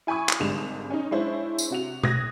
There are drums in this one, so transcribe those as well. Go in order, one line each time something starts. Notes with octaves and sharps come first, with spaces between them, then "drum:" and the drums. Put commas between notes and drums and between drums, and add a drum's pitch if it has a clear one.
E4 G#5 B5 C#6 D#6
drum: clap
G#1 D3 G3 G#3 E7 F7
C#4 D#4
G#3 D4 E4 C5 C#5
drum: tambourine
C3 F#4 F7
D#6 F#6 G#6 A#6, drum: tom B2